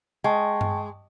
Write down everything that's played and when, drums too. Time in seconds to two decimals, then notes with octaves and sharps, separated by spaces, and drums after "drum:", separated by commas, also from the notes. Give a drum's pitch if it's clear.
0.24 G#3 G5 A5 C#6
0.61 drum: tom G2